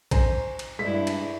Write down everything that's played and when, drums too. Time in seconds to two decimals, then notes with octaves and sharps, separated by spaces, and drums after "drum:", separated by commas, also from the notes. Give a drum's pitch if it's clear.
0.11 C5 G#5 A#5, drum: kick A#1, cymbal
0.59 drum: cymbal
0.79 G2 G#3 D4 E4 B6
1.07 drum: cymbal